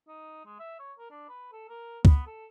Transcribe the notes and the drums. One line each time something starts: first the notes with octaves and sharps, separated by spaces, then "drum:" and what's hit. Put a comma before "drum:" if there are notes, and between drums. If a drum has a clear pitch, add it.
D#4
G#3
E5
C#5
A#4
D4
B4
A4
A#4
B3, drum: kick C#2
A4